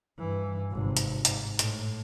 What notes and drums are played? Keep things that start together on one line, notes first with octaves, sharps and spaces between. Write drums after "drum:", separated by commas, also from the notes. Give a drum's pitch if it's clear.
G2 E3
G#1 C3
drum: hi-hat
G#2, drum: hi-hat
A2, drum: hi-hat